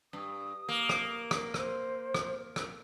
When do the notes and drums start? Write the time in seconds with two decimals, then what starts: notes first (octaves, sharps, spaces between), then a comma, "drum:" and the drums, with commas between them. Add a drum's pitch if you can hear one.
0.13 G2 D#6
0.69 A#3
0.89 drum: rim click
1.31 drum: rim click
1.54 C5, drum: rim click
2.14 drum: rim click
2.56 drum: rim click